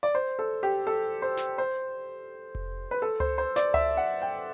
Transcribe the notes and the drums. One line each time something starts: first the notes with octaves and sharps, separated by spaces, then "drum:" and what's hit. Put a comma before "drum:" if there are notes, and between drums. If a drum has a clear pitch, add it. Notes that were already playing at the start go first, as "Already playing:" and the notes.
D5
C5
A4
G4
A4
C5
drum: snare
C5
drum: kick F1
B4
A4
C5, drum: tom C#2
C5
D5, drum: snare
E5, drum: tom C#2
F#5
G5